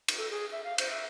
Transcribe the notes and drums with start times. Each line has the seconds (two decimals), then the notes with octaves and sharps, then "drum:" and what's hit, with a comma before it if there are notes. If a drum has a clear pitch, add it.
0.08 drum: cymbal
0.18 A4
0.31 G#4
0.52 E5
0.64 F5
0.78 C5, drum: cymbal
0.91 E5